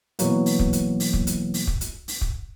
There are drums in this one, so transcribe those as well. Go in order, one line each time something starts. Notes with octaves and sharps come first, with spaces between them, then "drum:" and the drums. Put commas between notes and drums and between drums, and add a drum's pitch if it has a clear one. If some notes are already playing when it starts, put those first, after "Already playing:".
B2 E3 F#3 A#3, drum: hi-hat
drum: open hi-hat
drum: kick
drum: hi-hat
drum: open hi-hat
drum: kick
drum: hi-hat
drum: open hi-hat
drum: kick
drum: hi-hat
drum: open hi-hat
drum: kick